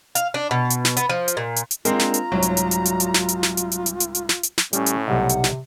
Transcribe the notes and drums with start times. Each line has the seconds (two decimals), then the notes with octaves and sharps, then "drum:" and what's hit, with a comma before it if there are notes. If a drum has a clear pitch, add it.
0.15 F5, drum: hi-hat
0.34 D4
0.51 B2
0.70 drum: hi-hat
0.85 drum: snare
0.97 B3, drum: hi-hat
1.09 F3
1.28 drum: hi-hat
1.37 A#2
1.56 drum: hi-hat
1.71 drum: hi-hat
1.85 G#3 A#3 C4 D4 F4 A#5, drum: hi-hat
1.99 drum: snare
2.14 drum: hi-hat
2.32 C2 G#2 F#3
2.42 drum: hi-hat
2.57 drum: hi-hat
2.71 drum: hi-hat
2.85 drum: hi-hat
3.00 drum: hi-hat
3.14 drum: snare
3.29 drum: hi-hat
3.43 drum: snare
3.57 drum: hi-hat
3.72 drum: hi-hat
3.86 drum: hi-hat
4.00 drum: hi-hat
4.15 drum: hi-hat
4.29 drum: snare
4.43 drum: hi-hat
4.58 drum: snare
4.73 A2 G3 C#4, drum: hi-hat
4.86 drum: hi-hat
5.08 B1 C3 G3 D#4 F#5
5.29 drum: hi-hat
5.44 drum: snare